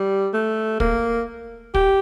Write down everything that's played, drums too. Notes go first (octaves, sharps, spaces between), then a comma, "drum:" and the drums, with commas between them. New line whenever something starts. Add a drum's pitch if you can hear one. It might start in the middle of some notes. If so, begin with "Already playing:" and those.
Already playing: G3
A3
A#3, drum: kick
G4, drum: kick